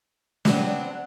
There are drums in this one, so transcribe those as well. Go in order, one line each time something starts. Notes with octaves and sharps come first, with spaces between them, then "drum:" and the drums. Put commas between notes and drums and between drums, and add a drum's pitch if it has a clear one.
F#3 B3 C4 D4, drum: snare